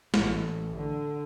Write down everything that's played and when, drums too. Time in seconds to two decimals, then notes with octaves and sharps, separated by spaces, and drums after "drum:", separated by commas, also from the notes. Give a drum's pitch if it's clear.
0.14 A1, drum: snare
0.77 D3